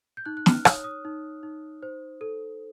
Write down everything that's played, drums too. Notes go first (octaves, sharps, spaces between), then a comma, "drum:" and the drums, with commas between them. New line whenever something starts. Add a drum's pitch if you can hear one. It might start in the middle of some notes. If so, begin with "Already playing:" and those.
G6
D#4 F#6
F#6
F6, drum: snare
C#5 D#6, drum: rim click
D#6
D#4
D#4
C5
A4